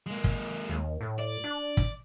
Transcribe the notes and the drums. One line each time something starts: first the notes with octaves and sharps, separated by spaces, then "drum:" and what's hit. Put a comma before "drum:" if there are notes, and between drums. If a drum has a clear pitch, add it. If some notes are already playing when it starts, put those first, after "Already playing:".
G#3 A#3
drum: kick
D#2
A2
D5
D4
drum: kick